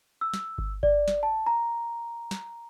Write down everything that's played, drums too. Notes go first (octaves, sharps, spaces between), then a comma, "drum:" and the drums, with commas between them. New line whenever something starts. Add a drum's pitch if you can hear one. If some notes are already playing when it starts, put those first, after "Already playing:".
E6
drum: snare
drum: kick G1
D5, drum: kick G1
drum: snare
A5
A#5
drum: snare